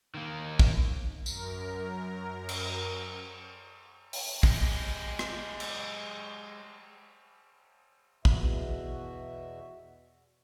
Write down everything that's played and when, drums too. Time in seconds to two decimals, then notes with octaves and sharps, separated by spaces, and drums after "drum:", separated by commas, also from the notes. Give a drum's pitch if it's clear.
0.14 D#3 A#3
0.59 drum: kick
1.26 F#2 A#4, drum: tambourine
2.49 drum: cymbal
4.13 drum: open hi-hat
4.43 G#3 G4, drum: kick
5.19 drum: rim click
5.60 drum: cymbal
8.25 E2 B2 F#4 E5, drum: kick